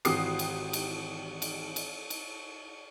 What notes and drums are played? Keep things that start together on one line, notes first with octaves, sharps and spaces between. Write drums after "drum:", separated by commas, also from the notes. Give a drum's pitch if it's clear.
G#1 E3 F#4 G4 D#6 C7, drum: cymbal
drum: cymbal
drum: cymbal
drum: cymbal
drum: cymbal
drum: cymbal